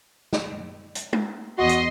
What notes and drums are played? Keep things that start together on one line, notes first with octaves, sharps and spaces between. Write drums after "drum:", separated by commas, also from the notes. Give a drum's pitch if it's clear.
drum: snare
drum: hi-hat
drum: tom G#3
E2 F#4 D#5 C6
drum: hi-hat